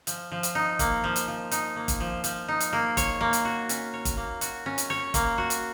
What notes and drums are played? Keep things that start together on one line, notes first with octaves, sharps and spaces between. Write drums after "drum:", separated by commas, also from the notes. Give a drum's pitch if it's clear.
F3, drum: hi-hat
F3
drum: hi-hat
D#4
A#3, drum: kick, hi-hat
F3
drum: hi-hat
F3
D#4, drum: hi-hat
A#3
drum: kick, hi-hat
F3
F3, drum: hi-hat
D#4
drum: hi-hat
A#3
C#5, drum: kick, hi-hat
A#3
drum: hi-hat
F#4
C#4, drum: hi-hat
C#5
drum: kick, hi-hat
A#3
F#4, drum: hi-hat
C#4
drum: hi-hat
C#5
A#3, drum: kick, hi-hat
F#4
drum: hi-hat